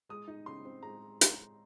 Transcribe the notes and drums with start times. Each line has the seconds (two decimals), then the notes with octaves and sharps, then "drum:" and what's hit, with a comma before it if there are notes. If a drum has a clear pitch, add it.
0.09 G#3 D#6
0.28 D#4
0.46 C#3 C6
0.65 C4
0.83 G#3 A#5
1.21 drum: hi-hat